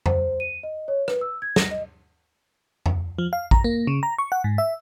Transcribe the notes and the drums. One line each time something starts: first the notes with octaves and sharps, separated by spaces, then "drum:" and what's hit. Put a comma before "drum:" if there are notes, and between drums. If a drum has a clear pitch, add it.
C5, drum: tom F2
D#7
D#5
C#5
B4, drum: rim click
E6
G#6
A#6, drum: snare
D#5
drum: tom F2
F3
F5
A#5, drum: kick
A#3
C#3
A#5
C#6
F#5
G#2
E5